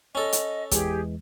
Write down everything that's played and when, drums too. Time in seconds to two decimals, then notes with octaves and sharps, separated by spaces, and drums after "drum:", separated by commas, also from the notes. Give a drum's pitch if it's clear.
0.15 C#4 A4 D#5
0.33 drum: hi-hat
0.71 E2 E3 G#3 G4 G#4, drum: kick, hi-hat